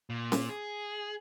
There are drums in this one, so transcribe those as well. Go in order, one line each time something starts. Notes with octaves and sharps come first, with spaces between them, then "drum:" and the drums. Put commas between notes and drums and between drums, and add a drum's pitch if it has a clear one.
A#2
drum: snare C#4
G#4